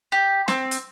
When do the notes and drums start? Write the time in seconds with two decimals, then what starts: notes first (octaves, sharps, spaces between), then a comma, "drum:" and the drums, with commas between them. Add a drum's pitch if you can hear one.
0.12 G4
0.48 C4, drum: snare
0.71 drum: hi-hat